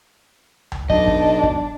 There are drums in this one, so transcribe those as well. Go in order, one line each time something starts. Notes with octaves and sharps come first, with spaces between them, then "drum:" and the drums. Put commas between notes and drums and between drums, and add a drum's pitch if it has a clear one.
drum: tom C#2
B1 D4 D#5, drum: kick
drum: kick
drum: kick